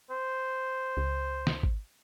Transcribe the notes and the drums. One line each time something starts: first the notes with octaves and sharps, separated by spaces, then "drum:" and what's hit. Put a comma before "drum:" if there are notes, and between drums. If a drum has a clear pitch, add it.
C5
C#2
drum: snare
drum: kick G#1